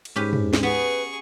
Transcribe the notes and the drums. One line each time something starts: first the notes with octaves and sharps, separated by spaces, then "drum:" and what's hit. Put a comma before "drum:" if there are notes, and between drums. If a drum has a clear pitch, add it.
drum: cymbal
G#2 C#4 G4 B4
drum: tom
drum: snare
B3 G#4 B4 C#6